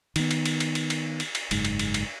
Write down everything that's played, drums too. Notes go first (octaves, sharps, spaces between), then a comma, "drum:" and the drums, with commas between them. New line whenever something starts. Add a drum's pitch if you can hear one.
D#3 B3, drum: cymbal
drum: cymbal
drum: cymbal
drum: cymbal
drum: cymbal
drum: cymbal
drum: cymbal
drum: cymbal
F#1 G#2, drum: cymbal
drum: cymbal
drum: cymbal
drum: cymbal